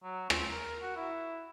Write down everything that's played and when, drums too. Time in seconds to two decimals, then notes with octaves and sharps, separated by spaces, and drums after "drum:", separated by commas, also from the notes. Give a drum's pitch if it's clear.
0.03 F#3
0.30 C4, drum: rim click
0.50 A#4
0.81 F#4
0.96 E4